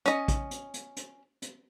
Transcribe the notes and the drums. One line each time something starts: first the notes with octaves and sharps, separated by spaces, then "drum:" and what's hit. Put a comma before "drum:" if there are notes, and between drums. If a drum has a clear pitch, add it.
C#4 D#5, drum: hi-hat
drum: kick, hi-hat
drum: hi-hat
drum: hi-hat
drum: hi-hat
drum: hi-hat